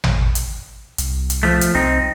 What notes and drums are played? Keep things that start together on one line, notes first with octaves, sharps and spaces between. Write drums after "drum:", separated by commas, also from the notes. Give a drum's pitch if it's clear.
drum: tom
drum: hi-hat
C2, drum: hi-hat
drum: hi-hat
F3 A3
drum: hi-hat
C2 C4 D#4